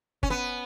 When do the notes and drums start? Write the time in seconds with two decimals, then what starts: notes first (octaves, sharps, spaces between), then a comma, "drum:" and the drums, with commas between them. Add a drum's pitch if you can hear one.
0.23 C#4, drum: kick
0.30 B3